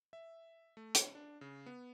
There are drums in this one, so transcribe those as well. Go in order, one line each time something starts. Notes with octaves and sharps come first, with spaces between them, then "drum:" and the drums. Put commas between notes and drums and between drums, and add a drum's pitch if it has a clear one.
E5
A3
C#5, drum: hi-hat
D4
C#3
B3